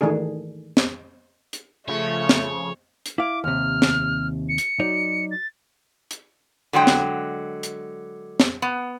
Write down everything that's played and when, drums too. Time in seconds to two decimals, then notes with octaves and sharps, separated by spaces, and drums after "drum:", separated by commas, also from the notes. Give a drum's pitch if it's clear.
0.01 D#3 E3 A3 D4 G#4
0.77 drum: snare
1.53 drum: hi-hat
1.88 C#3 F3 A3 C#5
2.29 drum: snare
3.06 drum: hi-hat
3.18 E4 F5 D6
3.44 D#2 C3 F6
3.82 drum: snare
4.49 C#7
4.58 drum: hi-hat
4.80 F#3 D#4 D5
5.31 A6
6.11 drum: hi-hat
6.73 D3 F#3 G#3 G5
6.87 drum: snare
7.63 drum: hi-hat
8.40 drum: snare
8.62 B3